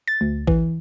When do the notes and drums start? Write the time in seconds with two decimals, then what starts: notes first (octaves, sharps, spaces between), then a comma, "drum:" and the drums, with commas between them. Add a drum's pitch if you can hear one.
0.08 A6
0.21 D2
0.47 E3, drum: kick